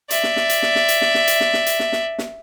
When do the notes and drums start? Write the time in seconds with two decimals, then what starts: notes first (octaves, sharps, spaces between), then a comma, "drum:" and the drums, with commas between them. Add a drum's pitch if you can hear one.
0.10 D5 E5, drum: hi-hat
0.23 drum: snare
0.36 drum: snare
0.49 drum: hi-hat
0.62 drum: snare
0.75 drum: snare
0.88 drum: hi-hat
1.01 drum: snare
1.14 drum: snare
1.27 drum: hi-hat
1.40 drum: snare
1.53 drum: snare
1.66 drum: hi-hat
1.79 drum: snare
1.92 drum: snare
2.18 drum: snare